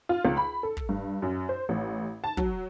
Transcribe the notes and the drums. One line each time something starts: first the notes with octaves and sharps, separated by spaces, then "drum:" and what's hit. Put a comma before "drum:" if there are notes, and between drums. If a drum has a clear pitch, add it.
F4
C#2
B5
A4
drum: kick
G2
F#2
C5
A1
A5
F#3, drum: kick